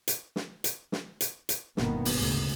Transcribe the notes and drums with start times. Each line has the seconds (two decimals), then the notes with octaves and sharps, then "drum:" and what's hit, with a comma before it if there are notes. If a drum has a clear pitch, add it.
0.08 drum: hi-hat
0.36 drum: snare
0.64 drum: hi-hat
0.92 drum: snare
1.21 drum: hi-hat
1.49 drum: hi-hat
1.77 G1 B2 D#3 A#3 B3, drum: snare
2.05 drum: open hi-hat
2.16 D2 G#2 C#3